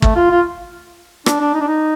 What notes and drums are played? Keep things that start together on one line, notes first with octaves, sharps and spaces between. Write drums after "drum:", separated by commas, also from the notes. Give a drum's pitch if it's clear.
A3, drum: kick
F4
F4
D4, drum: rim click
D4
D#4
D4
D#4